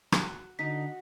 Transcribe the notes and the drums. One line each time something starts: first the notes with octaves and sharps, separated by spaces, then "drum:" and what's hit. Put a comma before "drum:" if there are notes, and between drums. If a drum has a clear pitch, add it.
F#4, drum: rim click
D3 D#4 F#4 D#5 B6